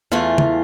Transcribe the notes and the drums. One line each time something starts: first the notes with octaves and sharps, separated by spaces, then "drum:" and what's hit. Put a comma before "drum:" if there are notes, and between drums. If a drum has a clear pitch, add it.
E2 E3 A3 F4
drum: tom